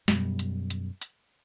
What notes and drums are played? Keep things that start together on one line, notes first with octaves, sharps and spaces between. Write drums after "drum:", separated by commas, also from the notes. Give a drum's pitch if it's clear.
F#2 B2 G3, drum: snare
drum: hi-hat
drum: hi-hat
drum: hi-hat